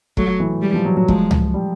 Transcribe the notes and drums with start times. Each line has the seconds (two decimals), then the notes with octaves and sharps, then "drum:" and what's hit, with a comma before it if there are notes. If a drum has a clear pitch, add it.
0.17 F#3 A3, drum: kick
0.40 E3
0.62 G3
0.74 F3
0.85 F#3
0.97 F#3
1.08 F3 G#3, drum: kick
1.31 drum: tom C#2
1.54 G3